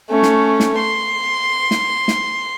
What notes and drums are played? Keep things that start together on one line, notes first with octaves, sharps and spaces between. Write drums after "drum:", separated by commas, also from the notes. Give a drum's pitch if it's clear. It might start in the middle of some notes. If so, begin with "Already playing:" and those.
A3 C#4
drum: snare
drum: snare
C6
drum: snare
drum: snare